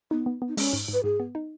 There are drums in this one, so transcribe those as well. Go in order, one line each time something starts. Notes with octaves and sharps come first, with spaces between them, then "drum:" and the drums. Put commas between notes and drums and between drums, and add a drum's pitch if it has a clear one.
B3 D#4
B3
B3
D#4
G#3 C#4, drum: open hi-hat
G#2
G#2
B4
G#2 G#4
B3
D#4